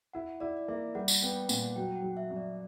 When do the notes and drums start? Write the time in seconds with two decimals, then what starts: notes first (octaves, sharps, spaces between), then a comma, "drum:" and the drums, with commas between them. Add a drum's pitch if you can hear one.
0.13 E4 F#5
0.40 E4 D5
0.57 D5
0.68 A#3 E5
0.95 G3 F#5
1.08 drum: tambourine
1.22 B3 G5
1.49 A#2 F#5, drum: tambourine
1.76 F#3 G5
1.96 F#5
2.02 F#3
2.17 E5
2.30 F#2
2.36 D5